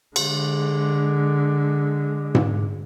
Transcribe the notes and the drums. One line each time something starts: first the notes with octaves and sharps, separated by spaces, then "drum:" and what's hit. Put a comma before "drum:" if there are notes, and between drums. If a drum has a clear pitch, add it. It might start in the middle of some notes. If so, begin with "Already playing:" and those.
D3 G#3, drum: cymbal
drum: tom G#2